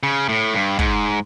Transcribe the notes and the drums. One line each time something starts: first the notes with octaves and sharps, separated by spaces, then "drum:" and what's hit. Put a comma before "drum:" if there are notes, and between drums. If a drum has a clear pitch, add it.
C#3
A2
G2
G#2, drum: kick